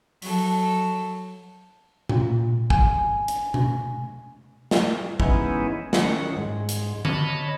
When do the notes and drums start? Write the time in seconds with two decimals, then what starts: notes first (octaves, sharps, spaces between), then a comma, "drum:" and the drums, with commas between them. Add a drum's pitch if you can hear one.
0.22 F#3 A4, drum: open hi-hat
2.09 A#2, drum: tom B2
2.70 G#5, drum: kick
3.28 drum: hi-hat
3.54 drum: tom B2
4.71 drum: snare
5.20 E3 G#3 B3 C#4 D#4 E4, drum: kick
5.93 D#3 C#4 F#5, drum: snare
6.36 G#2 G#3
6.69 drum: hi-hat
7.05 C#5 D#5 A5 B5, drum: tom D3